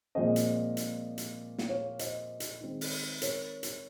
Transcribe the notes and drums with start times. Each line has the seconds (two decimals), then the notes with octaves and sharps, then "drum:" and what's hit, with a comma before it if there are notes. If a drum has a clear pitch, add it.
0.15 A#2 F3 G#3 C4 C5 D#5
0.36 drum: hi-hat
0.77 drum: hi-hat
1.18 drum: hi-hat
1.58 drum: snare
1.69 C#5 F5
1.99 C5 D#5, drum: hi-hat
2.40 drum: hi-hat
2.60 D#3 G#3 C4
2.81 drum: open hi-hat
3.22 A#4 C#5, drum: hi-hat
3.63 drum: hi-hat